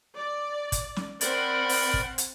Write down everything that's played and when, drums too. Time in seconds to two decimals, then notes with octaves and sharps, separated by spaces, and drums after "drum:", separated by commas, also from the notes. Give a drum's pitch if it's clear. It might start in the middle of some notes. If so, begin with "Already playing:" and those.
0.17 D5
0.72 drum: kick, hi-hat
0.96 drum: snare
1.21 C4 A#4 D5 F#5 B5, drum: hi-hat
1.69 drum: open hi-hat
1.94 drum: kick
2.18 drum: hi-hat